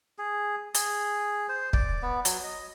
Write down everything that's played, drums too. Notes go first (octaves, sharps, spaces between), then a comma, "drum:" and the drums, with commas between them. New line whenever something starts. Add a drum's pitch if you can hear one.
G#4
G#4, drum: hi-hat
C5
D5, drum: kick
B3
F#3, drum: hi-hat
D#5